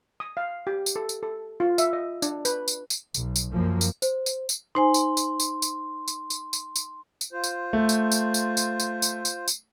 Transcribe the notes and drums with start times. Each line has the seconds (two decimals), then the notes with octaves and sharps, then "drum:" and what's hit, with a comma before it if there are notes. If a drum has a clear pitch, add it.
0.20 D#6
0.37 F5
0.67 G4
0.86 drum: tambourine
0.96 A4
1.09 drum: tambourine
1.23 A4
1.60 F4
1.78 E5, drum: tambourine
1.93 D#5
2.22 D4, drum: tambourine
2.45 B4, drum: tambourine
2.68 drum: tambourine
2.90 drum: tambourine
3.14 B1, drum: tambourine
3.36 drum: tambourine
3.52 F#2 F3 A#3
3.81 drum: tambourine
4.02 C5, drum: tambourine
4.26 drum: tambourine
4.49 drum: tambourine
4.75 D#4 C5 G#5 C6
4.94 drum: tambourine
5.17 drum: tambourine
5.40 drum: tambourine
5.62 drum: tambourine
6.08 drum: tambourine
6.30 drum: tambourine
6.53 drum: tambourine
6.76 drum: tambourine
7.21 drum: tambourine
7.33 F4 C5
7.44 drum: tambourine
7.73 A3
7.89 drum: tambourine
8.12 drum: tambourine
8.34 drum: tambourine
8.57 drum: tambourine
8.80 drum: tambourine
9.02 drum: tambourine
9.25 drum: tambourine
9.48 drum: tambourine